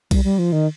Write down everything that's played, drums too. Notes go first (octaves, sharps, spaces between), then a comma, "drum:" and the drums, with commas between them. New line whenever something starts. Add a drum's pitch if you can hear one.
G3, drum: kick B1, cymbal
G3
F3
D#3